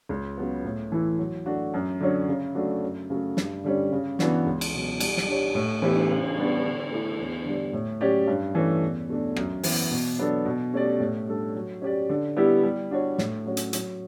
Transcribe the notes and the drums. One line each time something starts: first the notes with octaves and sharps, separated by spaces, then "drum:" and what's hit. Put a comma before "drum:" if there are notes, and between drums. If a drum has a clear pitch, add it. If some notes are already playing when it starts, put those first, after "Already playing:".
C#2
C#3 F#3 B3
A2
E3 A3 E4
F#3
A3 D4 F#4
F#2
D3 F#3 C#4
C#3
F#3 A3 D4 F#4
F#2
C#3 F#3 A3
G2, drum: snare
D3 G3 C#4
C#3
E3 B3 D4 F#4, drum: snare
C#2
drum: cymbal
B2 F#3
G3, drum: cymbal
drum: snare
D4 G4 C#5
A2
E3 B3 E4 G4, drum: cymbal
C#3
G3 B3 D4
D3
A3 E4
E2
D3 G3
A2
F#3 C#4 G4 D5
G2
E3 A3 C#4
E2
B2 A3 D4
F#2, drum: rim click
E3 B3 F#4, drum: open hi-hat
B2
F#3 B3 D4 A4
B2
A3 C#4 G4 D5
A2
G3 D4 A4
F#3
C#4 G4 D5
D3
G3 B3 E4 G4
G3
D4 F#4 C#5
A2, drum: snare
F#3 C#4 F#4
drum: hi-hat
F#3, drum: hi-hat